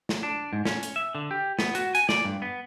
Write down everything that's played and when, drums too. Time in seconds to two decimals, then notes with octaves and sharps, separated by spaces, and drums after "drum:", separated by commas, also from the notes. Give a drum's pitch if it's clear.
0.09 drum: snare
0.23 D4
0.53 G#2
0.65 C#4, drum: snare
0.83 drum: hi-hat
0.96 E5
1.15 D3
1.31 G4
1.59 B3, drum: snare
1.75 F#4, drum: hi-hat
1.95 G#5, drum: hi-hat
2.09 D5, drum: snare
2.24 G2
2.42 B3